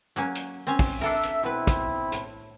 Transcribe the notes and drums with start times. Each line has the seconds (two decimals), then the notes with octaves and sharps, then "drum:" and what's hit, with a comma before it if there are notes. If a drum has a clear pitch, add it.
0.16 F#3 A#3 C#4
0.35 drum: hi-hat
0.67 C4 C#4
0.79 drum: kick, open hi-hat
1.01 D4 A4 A#4 E5
1.23 drum: hi-hat
1.43 B2 C4 E4 B4
1.67 drum: kick, hi-hat
2.12 A2, drum: hi-hat